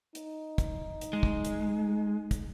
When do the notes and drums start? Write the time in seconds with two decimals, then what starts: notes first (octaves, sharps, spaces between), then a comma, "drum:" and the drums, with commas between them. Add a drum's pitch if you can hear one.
0.15 D#4, drum: hi-hat
0.58 drum: kick, hi-hat
1.01 drum: hi-hat
1.13 G#3
1.23 drum: kick
1.45 drum: hi-hat
2.31 drum: kick, hi-hat